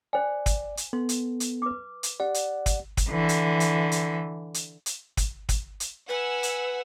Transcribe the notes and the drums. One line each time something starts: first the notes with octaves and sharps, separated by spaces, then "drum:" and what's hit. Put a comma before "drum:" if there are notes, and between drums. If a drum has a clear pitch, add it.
C5 D5 G5 G#5
drum: kick, hi-hat
drum: hi-hat
B3 A4 C6
drum: hi-hat
drum: hi-hat
B4 D6
drum: hi-hat
G4 D5 F#5
drum: hi-hat
drum: kick, hi-hat
drum: kick, hi-hat
D3 E3
drum: hi-hat
drum: hi-hat
drum: hi-hat
drum: hi-hat
drum: hi-hat
drum: kick, hi-hat
drum: kick, hi-hat
drum: hi-hat
B4 F#5 G#5 E6
drum: hi-hat